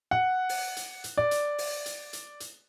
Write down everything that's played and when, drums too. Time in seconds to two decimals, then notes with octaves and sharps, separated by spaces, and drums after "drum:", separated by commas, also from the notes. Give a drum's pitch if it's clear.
0.11 F#5
0.49 drum: open hi-hat
0.77 drum: hi-hat
1.04 drum: hi-hat
1.17 D5
1.31 drum: hi-hat
1.58 drum: open hi-hat
1.86 drum: hi-hat
2.13 drum: hi-hat
2.40 drum: hi-hat